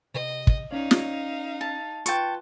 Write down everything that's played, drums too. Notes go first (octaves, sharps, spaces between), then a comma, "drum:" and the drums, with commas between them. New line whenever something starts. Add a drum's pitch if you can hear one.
C3 D#5
drum: kick
C#4 D#4 C#5 D5 F5
drum: snare
A5
F4 B4 G5 A5 C#6, drum: hi-hat